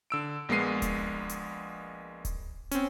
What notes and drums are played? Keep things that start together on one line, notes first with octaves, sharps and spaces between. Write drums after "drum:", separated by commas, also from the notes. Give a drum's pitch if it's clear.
D3 E6 D7
A#1 G#3 A#3 B3 C7 D#7
drum: kick D1, hi-hat
drum: hi-hat
drum: kick D1, hi-hat
C4 C#4, drum: hi-hat